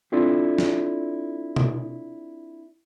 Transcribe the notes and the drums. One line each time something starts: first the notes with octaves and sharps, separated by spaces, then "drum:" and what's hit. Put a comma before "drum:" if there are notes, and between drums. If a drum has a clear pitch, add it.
C4 D4 E4 F4 A4 D5
drum: snare
drum: tom B2